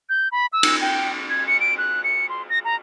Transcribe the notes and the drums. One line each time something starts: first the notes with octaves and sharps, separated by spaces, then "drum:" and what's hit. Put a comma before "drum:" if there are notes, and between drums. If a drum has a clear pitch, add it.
G6
B5
E6
drum: cymbal
G5
G#6
C#7
D7
F#6
C#7
C6
A#6
A#5